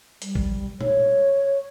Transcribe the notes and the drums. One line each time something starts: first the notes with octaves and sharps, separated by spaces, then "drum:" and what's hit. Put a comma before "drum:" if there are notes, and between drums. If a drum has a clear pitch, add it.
G3, drum: hi-hat
drum: kick
C#5, drum: tom A#2